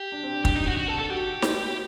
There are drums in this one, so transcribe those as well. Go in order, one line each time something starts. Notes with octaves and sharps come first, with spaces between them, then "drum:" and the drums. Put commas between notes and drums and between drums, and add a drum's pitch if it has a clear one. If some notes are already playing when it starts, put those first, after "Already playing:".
Already playing: G4
D4
C4
D4
G4, drum: kick
D#4
F#4
F#4
A4
A4
F#4 G4
drum: snare